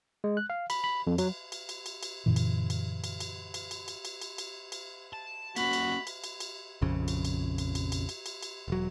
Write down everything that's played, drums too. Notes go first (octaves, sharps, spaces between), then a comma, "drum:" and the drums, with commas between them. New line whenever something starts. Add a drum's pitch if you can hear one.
G#3
F#6
F5
B5, drum: cymbal
B5
F2
F#3, drum: cymbal
drum: cymbal
drum: cymbal
drum: cymbal
drum: cymbal
F#2 A#2 D3 E3
drum: cymbal
drum: cymbal
drum: cymbal
drum: cymbal
drum: cymbal
drum: cymbal
drum: cymbal
drum: cymbal
drum: cymbal
drum: cymbal
drum: cymbal
A5
A#3 C#4 F#4 B5, drum: cymbal
drum: cymbal
drum: cymbal
drum: cymbal
drum: cymbal
A#1 F2 C#3
drum: cymbal
drum: cymbal
drum: cymbal
drum: cymbal
drum: cymbal
drum: cymbal
drum: cymbal
drum: cymbal
E1 F#3